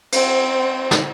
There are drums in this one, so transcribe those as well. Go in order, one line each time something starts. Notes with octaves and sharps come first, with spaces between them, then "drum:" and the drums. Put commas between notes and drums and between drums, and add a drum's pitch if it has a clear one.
C4, drum: cymbal
drum: snare